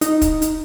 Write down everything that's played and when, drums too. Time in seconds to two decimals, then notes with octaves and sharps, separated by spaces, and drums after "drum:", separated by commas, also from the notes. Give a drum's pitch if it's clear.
0.01 D#4, drum: hi-hat
0.22 drum: kick, hi-hat
0.42 drum: hi-hat